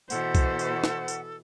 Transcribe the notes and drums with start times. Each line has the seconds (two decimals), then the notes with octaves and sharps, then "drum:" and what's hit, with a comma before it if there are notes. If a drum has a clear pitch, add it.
0.10 B2 E3 A4 C5 F#5, drum: tambourine
0.35 drum: kick, tambourine
0.59 drum: tambourine
0.84 drum: snare
1.08 drum: tambourine